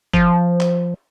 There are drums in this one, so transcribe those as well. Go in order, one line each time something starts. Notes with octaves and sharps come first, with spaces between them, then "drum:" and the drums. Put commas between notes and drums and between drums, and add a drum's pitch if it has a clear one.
F3, drum: kick G1
drum: clap